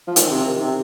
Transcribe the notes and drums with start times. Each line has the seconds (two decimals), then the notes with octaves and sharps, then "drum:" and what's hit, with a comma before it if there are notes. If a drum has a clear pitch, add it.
0.07 F3
0.16 D#3, drum: hi-hat
0.30 C3
0.45 D#3
0.60 C3